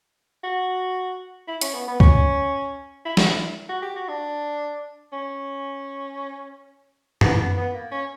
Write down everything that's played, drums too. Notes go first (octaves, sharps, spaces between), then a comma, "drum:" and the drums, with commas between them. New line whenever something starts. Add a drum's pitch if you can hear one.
F#4
E4
C#4, drum: hi-hat
B3
B3
C#4, drum: kick C#2
E4
F#4, drum: snare
E4
F#4
G4
F#4
D4
C#4
B3, drum: tom F#2
B3
B3
A#3
C#4